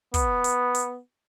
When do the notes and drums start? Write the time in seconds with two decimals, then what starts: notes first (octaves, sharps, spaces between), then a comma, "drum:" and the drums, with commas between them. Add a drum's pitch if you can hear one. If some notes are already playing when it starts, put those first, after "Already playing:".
0.14 B3, drum: kick, hi-hat
0.44 drum: hi-hat
0.75 drum: hi-hat